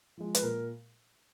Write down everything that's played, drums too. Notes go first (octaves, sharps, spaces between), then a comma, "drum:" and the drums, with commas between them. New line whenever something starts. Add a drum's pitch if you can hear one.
F3 G#3
B4, drum: hi-hat
A#2 A#4